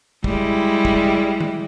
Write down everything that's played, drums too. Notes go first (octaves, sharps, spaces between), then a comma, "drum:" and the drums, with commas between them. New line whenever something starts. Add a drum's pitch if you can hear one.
G3 G#3 E4, drum: kick
drum: kick
drum: tom D#3